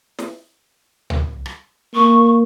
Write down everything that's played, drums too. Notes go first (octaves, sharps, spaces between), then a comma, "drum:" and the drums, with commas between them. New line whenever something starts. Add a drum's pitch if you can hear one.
drum: snare
drum: tom C#2
drum: rim click
A#3 C#6